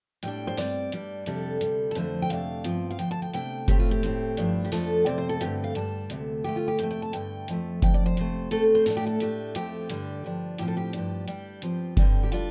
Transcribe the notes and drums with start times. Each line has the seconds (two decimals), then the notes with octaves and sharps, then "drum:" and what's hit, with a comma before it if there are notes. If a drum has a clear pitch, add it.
0.23 A2 G3 D4 G5, drum: hi-hat
0.47 C5
0.57 G2 G3 C4 D5, drum: open hi-hat
0.92 G2 G3 D4, drum: hi-hat
1.26 F2 C3 G3 D4 A4, drum: hi-hat
1.61 D2 C3 G3, drum: hi-hat
1.91 A4
1.95 F2 D3 F3 A3 D4 C5, drum: hi-hat
2.22 G5
2.30 F2 C3 A3 D4 F5, drum: hi-hat
2.64 G2 F3 C4, drum: hi-hat
2.90 F5
2.99 D2 C3 F3 G5, drum: hi-hat
3.11 A5
3.22 G5
3.34 C3 A3 D4 G5, drum: hi-hat
3.68 A2 A3 C4 G4, drum: kick F#1, hi-hat
3.80 F4
3.91 G4
4.03 A2 A3 C4, drum: hi-hat
4.37 G2 F3 A3 D4, drum: hi-hat
4.64 G4
4.72 F2 F3 A3 D4 A4, drum: open hi-hat
5.06 F2 C3 A3 C4 D5, drum: hi-hat
5.18 C5
5.29 A4
5.41 G2 D3 A3 C4 G4, drum: hi-hat
5.64 F5
5.75 G2 G3 D4 A5, drum: hi-hat
6.10 D2 C3 A3, drum: hi-hat
6.44 D2 D3 A3 G4
6.56 F4
6.68 G4
6.79 F2 C3 A3 G5, drum: hi-hat
6.90 G5
7.02 A5
7.13 G2 D3 A3 G5, drum: hi-hat
7.48 F2 F3 A3, drum: hi-hat
7.82 F2 F3 D4 G5, drum: kick F#1, hi-hat
7.94 D5
8.06 C5
8.17 F2 C3 A3, drum: hi-hat
8.51 C3 A3 C4 A4, drum: hi-hat
8.75 C5
8.86 A2 A3 D4 A4, drum: open hi-hat
8.97 G4
9.07 A4
9.20 A2 A3 D4 G4, drum: hi-hat
9.55 F2 F3 A3 C4 G4, drum: hi-hat
9.89 G2 D3 G3 D4, drum: hi-hat
10.24 G2 F3 D4
10.58 A2 F3 C4 G4, drum: hi-hat
10.68 A4
10.77 G4
10.93 G2 F3 D4, drum: hi-hat
11.28 G2 G3 D4 G4, drum: hi-hat
11.62 G2 F3 C4, drum: hi-hat
11.97 G2 D3 G3 C4, drum: kick F#1, hi-hat
12.23 G4
12.32 G3 D4 F4, drum: hi-hat